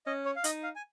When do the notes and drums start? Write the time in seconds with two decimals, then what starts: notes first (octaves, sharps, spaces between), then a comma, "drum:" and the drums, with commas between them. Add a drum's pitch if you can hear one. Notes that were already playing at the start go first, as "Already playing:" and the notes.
0.06 C#4 D#5
0.25 C#5
0.36 F5
0.44 D#4 D#5, drum: hi-hat
0.63 F5
0.76 G#5